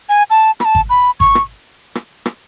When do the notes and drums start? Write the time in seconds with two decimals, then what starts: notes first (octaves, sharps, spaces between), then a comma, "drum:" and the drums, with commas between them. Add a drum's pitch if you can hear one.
0.09 G#5
0.30 A5
0.60 B5, drum: rim click
0.65 A5
0.75 drum: kick G#1
0.90 B5
1.20 C#6, drum: kick G#1
1.35 drum: rim click
1.95 drum: rim click
2.26 drum: rim click